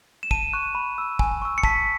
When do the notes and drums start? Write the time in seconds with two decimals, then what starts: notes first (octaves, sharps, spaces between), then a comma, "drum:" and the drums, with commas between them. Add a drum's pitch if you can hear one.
0.23 E7
0.31 A5 D#7, drum: kick
0.53 C#6 F#6
0.75 B5
0.98 E6
1.19 G#5, drum: kick
1.42 C#6 E6
1.58 C#7
1.63 A5 B6, drum: kick